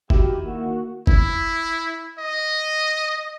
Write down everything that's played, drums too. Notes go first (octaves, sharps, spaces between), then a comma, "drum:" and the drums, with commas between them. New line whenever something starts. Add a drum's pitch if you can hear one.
D#3 E4 F#4 G4, drum: kick F#1
A#3 F#4
E4, drum: kick F#1
D#5